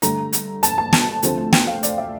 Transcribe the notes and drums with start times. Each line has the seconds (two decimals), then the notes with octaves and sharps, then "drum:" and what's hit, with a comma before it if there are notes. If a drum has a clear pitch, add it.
0.02 G2 D3 A3 A#5, drum: hi-hat
0.33 drum: hi-hat
0.63 A5, drum: hi-hat
0.78 A5
0.93 A5, drum: snare
1.23 D2 D3 F3 A3 C4, drum: hi-hat
1.53 G5, drum: snare
1.67 F5
1.83 D5, drum: hi-hat
1.98 E5